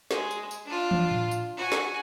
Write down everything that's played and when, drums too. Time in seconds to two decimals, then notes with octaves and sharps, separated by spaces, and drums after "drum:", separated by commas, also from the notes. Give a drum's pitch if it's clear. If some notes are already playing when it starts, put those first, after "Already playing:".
0.11 G#3, drum: snare
0.31 drum: tambourine
0.51 drum: tambourine
0.66 D4 F4
0.91 drum: tom
1.11 drum: tom A2
1.31 drum: tambourine
1.57 F#4 G#5
1.72 drum: snare